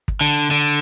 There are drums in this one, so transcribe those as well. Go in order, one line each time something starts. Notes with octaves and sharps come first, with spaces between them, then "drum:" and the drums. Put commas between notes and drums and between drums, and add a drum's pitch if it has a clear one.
drum: kick
D3
D3